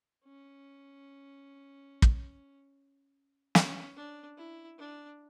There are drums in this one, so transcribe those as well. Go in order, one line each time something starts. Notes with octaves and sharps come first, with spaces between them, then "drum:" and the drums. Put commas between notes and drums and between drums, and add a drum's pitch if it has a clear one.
C#4
drum: kick
C#4, drum: snare
D4
E4
D4